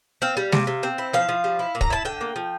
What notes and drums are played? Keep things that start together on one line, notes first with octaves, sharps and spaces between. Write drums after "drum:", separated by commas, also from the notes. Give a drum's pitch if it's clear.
C4 F5
G3
C3, drum: snare G#3
C3
C4
E4
F3 F5
F3
G3
E4
A#2
A#5, drum: kick
E4 A5
D3 G5
A#3
F3